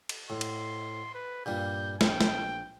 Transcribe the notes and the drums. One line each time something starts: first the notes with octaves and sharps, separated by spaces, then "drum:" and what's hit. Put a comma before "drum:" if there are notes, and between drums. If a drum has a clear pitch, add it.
drum: cymbal
A2 C6
drum: cymbal
B4
G2 A#2 G3 G6
A#1 G5, drum: snare
drum: snare